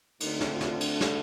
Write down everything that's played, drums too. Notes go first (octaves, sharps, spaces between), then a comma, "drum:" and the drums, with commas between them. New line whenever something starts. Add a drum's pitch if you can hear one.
D2 D3 A3 C4 D#4, drum: cymbal
drum: snare
F4
drum: snare
D4, drum: cymbal
drum: snare